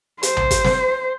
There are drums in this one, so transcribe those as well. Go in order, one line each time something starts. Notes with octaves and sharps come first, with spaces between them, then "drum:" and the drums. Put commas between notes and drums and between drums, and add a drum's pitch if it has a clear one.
C5, drum: hi-hat
drum: tom B1
drum: kick, hi-hat
drum: snare